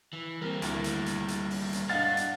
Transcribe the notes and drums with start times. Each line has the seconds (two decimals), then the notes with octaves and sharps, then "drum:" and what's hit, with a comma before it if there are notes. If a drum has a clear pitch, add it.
0.13 E3
0.42 G3 A#3 C4 A#4
0.62 D2 E4, drum: hi-hat
0.84 drum: hi-hat
1.06 drum: hi-hat
1.28 drum: hi-hat
1.50 drum: open hi-hat
1.73 drum: hi-hat
1.89 G2 D4 D#5 F5 F#5 A6
2.17 drum: hi-hat